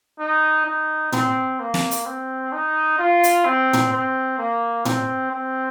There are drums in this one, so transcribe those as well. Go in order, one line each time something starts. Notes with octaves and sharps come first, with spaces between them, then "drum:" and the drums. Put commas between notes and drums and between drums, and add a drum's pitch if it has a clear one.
D#4
D#4
C4, drum: tom
A#3
drum: snare
drum: hi-hat
C4
D#4
F4
drum: hi-hat
C4
drum: tom
C4
A#3
C4, drum: tom
C4